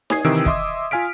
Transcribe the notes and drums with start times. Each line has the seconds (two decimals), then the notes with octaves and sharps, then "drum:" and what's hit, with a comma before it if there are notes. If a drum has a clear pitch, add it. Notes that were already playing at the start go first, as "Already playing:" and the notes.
0.10 C#5 G#5 D#6 G#6 C7, drum: snare D#4
0.24 C3 D#3 E3 E6 D7
0.46 D#5 E5 C6 D6 D#6, drum: kick
0.91 F4 F5 G#5 F6 B6 D7